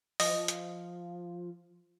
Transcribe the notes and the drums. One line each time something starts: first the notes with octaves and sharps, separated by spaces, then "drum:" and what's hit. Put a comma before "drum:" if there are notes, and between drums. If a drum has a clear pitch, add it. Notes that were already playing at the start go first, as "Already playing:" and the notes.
F3 D#5, drum: open hi-hat
drum: hi-hat